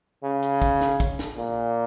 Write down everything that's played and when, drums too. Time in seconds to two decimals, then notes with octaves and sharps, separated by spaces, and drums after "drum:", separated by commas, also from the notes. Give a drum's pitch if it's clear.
0.23 C#3
0.42 drum: hi-hat
0.62 drum: kick, hi-hat
0.81 drum: snare
1.00 drum: kick, hi-hat
1.19 drum: snare
1.38 A#2